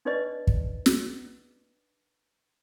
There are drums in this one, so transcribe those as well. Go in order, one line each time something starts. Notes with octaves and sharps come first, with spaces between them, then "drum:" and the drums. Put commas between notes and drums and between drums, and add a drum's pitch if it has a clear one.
D4 D#4 B4 C5 D5 D#5
drum: kick
drum: snare